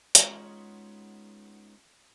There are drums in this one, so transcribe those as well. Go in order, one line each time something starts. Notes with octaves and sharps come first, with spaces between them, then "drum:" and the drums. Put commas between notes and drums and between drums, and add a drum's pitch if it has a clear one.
G#3 B3 C#4 D#4 F4 F#4, drum: hi-hat